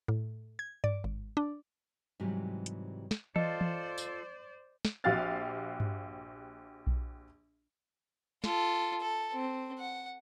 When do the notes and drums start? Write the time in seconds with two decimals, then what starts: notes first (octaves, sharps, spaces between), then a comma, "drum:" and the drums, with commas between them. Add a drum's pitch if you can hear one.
0.08 A2
0.59 G#6
0.84 D5, drum: tom G2
1.04 G#1
1.37 D4
2.20 G#2 C3 E3 F#3 G3
2.66 drum: hi-hat
3.11 drum: snare
3.36 F4 A4 C5 D5 D#5, drum: tom E3
3.61 drum: tom E3
3.98 drum: tambourine
4.85 drum: snare
5.04 A#1 F#4 G4 F5 F6 A6
5.80 drum: tom G2
6.87 drum: kick B1
8.44 F4 A4, drum: snare
9.01 A4
9.34 C4
9.79 F#5